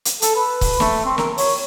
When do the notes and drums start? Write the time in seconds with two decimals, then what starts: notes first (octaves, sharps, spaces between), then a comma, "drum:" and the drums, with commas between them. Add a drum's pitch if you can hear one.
0.05 drum: hi-hat
0.22 A4, drum: hi-hat
0.36 B4
0.61 drum: kick C#1, open hi-hat
0.80 A3, drum: snare
1.05 C4
1.18 A#4, drum: snare
1.38 C#5, drum: open hi-hat